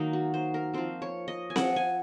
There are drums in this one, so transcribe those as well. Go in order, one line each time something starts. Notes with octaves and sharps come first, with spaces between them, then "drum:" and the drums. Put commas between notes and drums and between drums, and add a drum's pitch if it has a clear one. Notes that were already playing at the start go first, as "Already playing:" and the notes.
Already playing: D#3 F#3 A#3 D#4
F#4
C5
A#4
F3 C4 C5
C#5
D#5
G#5
F3 C4 F#5, drum: snare C4
G#5